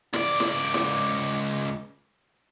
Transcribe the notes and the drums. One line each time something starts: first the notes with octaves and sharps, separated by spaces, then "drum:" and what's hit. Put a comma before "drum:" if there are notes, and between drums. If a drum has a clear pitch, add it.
C#2 D5, drum: snare
drum: snare
drum: snare